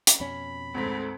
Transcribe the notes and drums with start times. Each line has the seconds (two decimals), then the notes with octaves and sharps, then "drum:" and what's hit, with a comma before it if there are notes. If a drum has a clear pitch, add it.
0.07 drum: hi-hat
0.20 F2 B2 C#4 B5
0.75 D2 G#2 C4 A4 B6